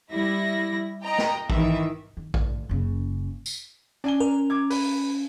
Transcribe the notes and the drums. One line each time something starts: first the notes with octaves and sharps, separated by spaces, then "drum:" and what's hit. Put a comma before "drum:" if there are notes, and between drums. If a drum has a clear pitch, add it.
G3 E4 A#6
D#5 G5 A#5
drum: snare
D#3 E3 E5, drum: kick A#1
D#3
A2 D3, drum: kick A#1
F#1 C#3
drum: tambourine
C#4 D4 G#5 G7
A#4
D6 G#6
B4, drum: open hi-hat